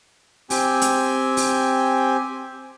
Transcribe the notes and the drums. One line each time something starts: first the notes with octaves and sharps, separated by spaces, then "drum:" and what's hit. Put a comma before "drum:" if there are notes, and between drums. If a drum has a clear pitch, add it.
C4 G4 G#5, drum: open hi-hat
drum: hi-hat
drum: open hi-hat